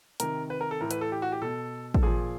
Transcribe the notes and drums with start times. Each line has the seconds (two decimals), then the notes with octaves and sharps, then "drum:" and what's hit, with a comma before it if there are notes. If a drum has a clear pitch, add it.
0.20 C3 D#3 A#4, drum: hi-hat
0.50 B4
0.61 A#4
0.71 A4
0.81 A2 E3 A#4
0.91 B4, drum: hi-hat
1.01 A4
1.12 G4
1.22 F#4
1.32 G4
1.42 B2 A4
1.94 A4, drum: kick
2.03 A#2 F3 G#4